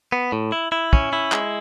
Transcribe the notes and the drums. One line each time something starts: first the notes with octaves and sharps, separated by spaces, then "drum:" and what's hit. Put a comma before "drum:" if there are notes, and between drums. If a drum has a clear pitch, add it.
B3
A2
E4
E4
C#4, drum: kick
E4
G#3, drum: clap